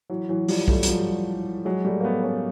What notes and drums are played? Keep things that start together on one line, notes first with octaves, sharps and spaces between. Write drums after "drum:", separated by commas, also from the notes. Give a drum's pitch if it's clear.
E3 F#3
E3 F#3
F3 G3, drum: open hi-hat
G3 A3, drum: kick
F#3, drum: hi-hat
F3 G3
F#3 G#3
G3 A3
A#3
A3 B3
B3 C#4